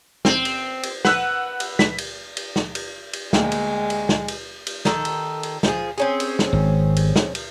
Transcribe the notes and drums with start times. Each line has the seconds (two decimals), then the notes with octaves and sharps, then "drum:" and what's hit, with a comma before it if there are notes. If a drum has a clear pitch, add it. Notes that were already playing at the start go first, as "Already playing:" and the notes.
0.25 C4, drum: snare
0.45 drum: cymbal
0.83 drum: cymbal
1.05 B4 F#5 E6 F#6, drum: snare
1.60 drum: cymbal
1.79 B6, drum: snare
1.98 drum: cymbal
2.37 drum: cymbal
2.56 drum: snare
2.75 drum: cymbal
3.13 drum: cymbal
3.33 D2 G#3 A#3 G5, drum: snare
3.52 drum: cymbal
3.90 drum: cymbal
4.09 drum: snare
4.28 drum: cymbal
4.67 drum: cymbal
4.85 D#3 A4, drum: snare
5.05 drum: cymbal
5.43 drum: cymbal
5.63 F3 G#4, drum: snare
5.98 C4 C#4 G#4
6.20 drum: cymbal
6.39 drum: snare
6.53 G#1
6.97 drum: cymbal
7.16 drum: snare
7.35 drum: cymbal